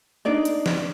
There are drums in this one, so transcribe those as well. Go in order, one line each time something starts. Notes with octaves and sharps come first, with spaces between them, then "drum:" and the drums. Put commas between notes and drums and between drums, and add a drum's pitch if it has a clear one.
D4 D#4 D5 D#5
drum: hi-hat
drum: snare